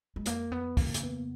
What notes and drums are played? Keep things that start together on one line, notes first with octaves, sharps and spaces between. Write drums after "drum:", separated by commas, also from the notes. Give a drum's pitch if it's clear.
G#3
F2 A#3, drum: hi-hat
F2 B3
C#3 A#3, drum: kick, open hi-hat
drum: hi-hat
B3